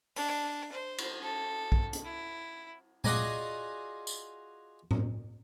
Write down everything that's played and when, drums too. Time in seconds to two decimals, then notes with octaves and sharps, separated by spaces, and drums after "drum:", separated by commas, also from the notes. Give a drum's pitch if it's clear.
0.16 D4, drum: open hi-hat
0.72 C5
0.98 drum: cymbal
1.22 A4
1.72 drum: kick A#1
1.93 drum: hi-hat
2.05 E4
3.04 F4 F#4 G#4 D5 D#5 G#5, drum: tom A#2
4.07 drum: tambourine
4.91 drum: tom A2